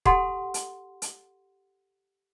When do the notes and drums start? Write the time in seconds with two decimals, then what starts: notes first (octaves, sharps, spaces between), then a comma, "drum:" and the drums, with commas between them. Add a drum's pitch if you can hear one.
0.05 G4 A4 F#5 A5 C6, drum: kick
0.54 drum: hi-hat
1.02 drum: hi-hat